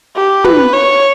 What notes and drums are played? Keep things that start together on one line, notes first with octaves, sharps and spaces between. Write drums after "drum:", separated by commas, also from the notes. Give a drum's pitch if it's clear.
G4
B4, drum: tom
C#5